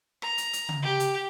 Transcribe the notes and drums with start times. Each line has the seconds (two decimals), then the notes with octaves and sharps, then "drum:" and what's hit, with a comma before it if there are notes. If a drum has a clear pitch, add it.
0.22 A#5, drum: rim click
0.38 drum: hi-hat
0.53 drum: hi-hat
0.69 drum: tom C#3
0.82 G4
1.00 drum: hi-hat